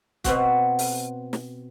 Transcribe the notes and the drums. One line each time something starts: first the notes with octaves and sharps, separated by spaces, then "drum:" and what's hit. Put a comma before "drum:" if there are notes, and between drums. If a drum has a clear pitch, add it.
B2 B3 C4 F#4, drum: kick, hi-hat
drum: open hi-hat
drum: snare